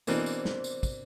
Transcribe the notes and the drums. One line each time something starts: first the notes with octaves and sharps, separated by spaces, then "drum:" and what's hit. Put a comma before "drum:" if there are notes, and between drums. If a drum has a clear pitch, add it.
B2 E3 A#3 C4 D4, drum: tambourine
drum: tambourine
drum: snare
drum: tambourine
drum: kick, tambourine